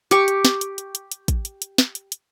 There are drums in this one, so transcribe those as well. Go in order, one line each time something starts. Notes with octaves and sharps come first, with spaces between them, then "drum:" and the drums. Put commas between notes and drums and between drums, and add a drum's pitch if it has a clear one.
G4 C#6, drum: hi-hat
drum: hi-hat
drum: snare
drum: hi-hat
drum: hi-hat
drum: hi-hat
drum: hi-hat
drum: kick A1, hi-hat
drum: hi-hat
drum: hi-hat
drum: snare
drum: hi-hat
drum: hi-hat